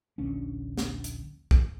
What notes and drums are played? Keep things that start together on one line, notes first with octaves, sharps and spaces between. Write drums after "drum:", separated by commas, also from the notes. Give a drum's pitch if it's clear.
D#1 A#1 D3 C#4
drum: snare
drum: hi-hat
drum: kick